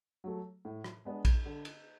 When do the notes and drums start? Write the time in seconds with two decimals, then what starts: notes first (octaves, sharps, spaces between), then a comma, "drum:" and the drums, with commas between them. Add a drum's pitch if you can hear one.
0.24 F#3 A3
0.65 A2
0.84 drum: rim click
1.05 G#3 B3 D4
1.25 drum: kick A#1, cymbal
1.45 D3
1.65 drum: cymbal